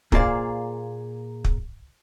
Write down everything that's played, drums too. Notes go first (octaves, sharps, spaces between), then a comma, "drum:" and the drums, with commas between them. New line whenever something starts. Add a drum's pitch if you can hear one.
A#2 A#3 G#4 C5 D5 F5, drum: kick
drum: kick